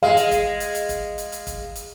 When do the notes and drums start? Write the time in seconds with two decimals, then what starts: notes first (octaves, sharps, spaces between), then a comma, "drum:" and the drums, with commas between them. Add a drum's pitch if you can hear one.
0.03 G#3 F5
0.17 drum: hi-hat
0.31 drum: kick, hi-hat
0.60 drum: hi-hat
0.75 drum: hi-hat
0.89 drum: kick, hi-hat
1.18 drum: hi-hat
1.32 drum: hi-hat
1.47 drum: kick, hi-hat
1.76 drum: hi-hat